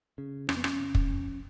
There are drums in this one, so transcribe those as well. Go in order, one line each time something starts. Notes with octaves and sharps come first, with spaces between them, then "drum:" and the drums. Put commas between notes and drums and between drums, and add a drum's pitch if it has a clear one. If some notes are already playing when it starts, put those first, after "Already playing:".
C#3
F2 C#4, drum: rim click
B3
C#4, drum: rim click
C#3
drum: kick
F2